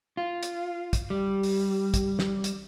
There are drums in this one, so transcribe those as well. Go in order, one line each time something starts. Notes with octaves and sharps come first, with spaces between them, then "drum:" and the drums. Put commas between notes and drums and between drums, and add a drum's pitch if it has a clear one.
F4
drum: hi-hat
drum: kick, hi-hat
G3
drum: open hi-hat
drum: kick, hi-hat
drum: snare
drum: hi-hat